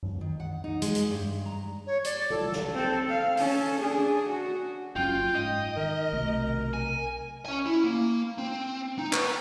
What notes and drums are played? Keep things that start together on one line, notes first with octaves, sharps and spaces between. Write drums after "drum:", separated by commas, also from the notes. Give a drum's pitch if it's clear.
drum: tom F#2
D#3
F#5
D#4
G#3, drum: hi-hat
drum: hi-hat
G2
A#5
C#5
D5, drum: hi-hat
A4, drum: tom
drum: snare
C4 A4
F5
C#4 A4, drum: open hi-hat
D4 G#4
F#4
F#1 F#2 C#4 F4 G5
G#2 D#5
D#3 A#4
B1 C3 A3
G#5
C#4 G#5
E4
A#3
C4
D#4
B3 B4, drum: clap